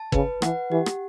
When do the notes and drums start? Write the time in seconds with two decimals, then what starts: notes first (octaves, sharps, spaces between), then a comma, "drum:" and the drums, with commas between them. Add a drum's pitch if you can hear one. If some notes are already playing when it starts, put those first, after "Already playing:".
Already playing: A5
0.12 C#3 B4, drum: kick
0.42 E3 F#5, drum: rim click
0.71 E3 G4
0.86 drum: rim click